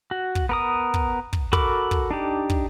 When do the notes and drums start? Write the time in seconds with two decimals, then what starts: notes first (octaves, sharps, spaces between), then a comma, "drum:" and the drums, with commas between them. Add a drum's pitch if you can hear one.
0.11 F#4
0.35 drum: kick
0.49 B3 A#4 D#6
0.94 drum: kick
1.33 drum: kick
1.53 F#4 A4 A#4 B5 D6, drum: kick
1.91 drum: kick
2.11 D4 D#4 G4
2.50 drum: kick